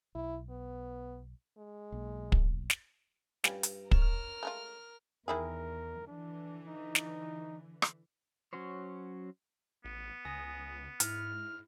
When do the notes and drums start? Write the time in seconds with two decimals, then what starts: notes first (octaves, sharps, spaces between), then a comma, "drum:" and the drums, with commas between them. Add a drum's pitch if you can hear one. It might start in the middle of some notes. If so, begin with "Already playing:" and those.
0.15 B1 E4
0.50 B3
1.58 G#3
1.92 B1 A#3
2.32 drum: kick
2.70 drum: snare
3.44 G2 F3 G3 C#4, drum: snare
3.63 drum: hi-hat
3.91 A#4 C#5 A5 F6, drum: kick
4.43 G#3 A3 F4
5.28 E2 D#3 E4 G#4 A#4
6.08 D3 E3 D4
6.67 D#4
6.95 drum: snare
7.82 drum: rim click
8.53 F#3 C#4 F#4 C5 C#5
9.84 A1 B3
10.25 C#2 G#5 D#6 A#6
11.00 G#2 E4 F6, drum: hi-hat